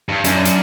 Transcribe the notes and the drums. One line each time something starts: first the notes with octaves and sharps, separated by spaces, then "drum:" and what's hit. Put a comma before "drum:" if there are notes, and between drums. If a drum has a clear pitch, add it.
G2
F#2 D4, drum: hi-hat
drum: hi-hat